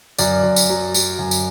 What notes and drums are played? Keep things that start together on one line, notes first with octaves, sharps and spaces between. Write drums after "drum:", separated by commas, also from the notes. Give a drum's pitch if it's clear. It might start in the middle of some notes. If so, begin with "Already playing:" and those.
F#2 D5, drum: tambourine
F#2
drum: tambourine
F#3
F#3, drum: tambourine
F#2
drum: tambourine